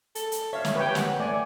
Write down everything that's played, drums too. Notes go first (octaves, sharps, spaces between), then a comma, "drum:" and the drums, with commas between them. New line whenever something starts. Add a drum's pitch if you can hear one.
A4, drum: hi-hat
drum: hi-hat
C#5 E5 F5
drum: snare
G4 B4 C#5 G5
F#5, drum: snare
A3 D5 G#5